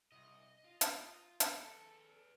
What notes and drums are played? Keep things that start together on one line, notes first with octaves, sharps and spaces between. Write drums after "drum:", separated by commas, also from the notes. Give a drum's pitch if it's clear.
C2 D#5
F4
drum: hi-hat
drum: hi-hat
G#4 A4 B4